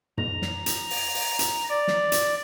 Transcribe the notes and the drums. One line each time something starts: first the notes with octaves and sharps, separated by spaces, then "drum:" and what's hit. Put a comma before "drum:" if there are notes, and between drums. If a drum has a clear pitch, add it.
A#5, drum: tom
drum: snare
drum: hi-hat
drum: open hi-hat
drum: open hi-hat
drum: hi-hat
D5
drum: snare
drum: hi-hat